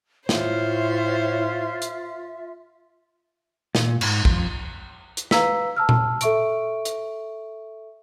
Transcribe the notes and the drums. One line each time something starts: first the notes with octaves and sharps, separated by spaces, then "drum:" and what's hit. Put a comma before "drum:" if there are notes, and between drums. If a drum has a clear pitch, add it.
A2 F4 C5 C#5 E5, drum: snare
drum: hi-hat
A#2, drum: snare
G#2, drum: cymbal
F2, drum: kick A#1
drum: hi-hat
B4 F5 A#5 E6 B6, drum: snare
A5 E6 F6
drum: tom A#2
A4 E5 C#6 D7, drum: hi-hat
drum: hi-hat